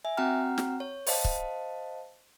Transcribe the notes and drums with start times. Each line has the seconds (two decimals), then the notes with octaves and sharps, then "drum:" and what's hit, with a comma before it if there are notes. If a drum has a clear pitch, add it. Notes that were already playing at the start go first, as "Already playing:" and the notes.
0.04 E5 G#5
0.17 C4 F#4 F#5 G5 A#5 F6
0.58 drum: snare
0.80 C#5
1.07 C5 D#5 F5 A5, drum: open hi-hat
1.25 drum: kick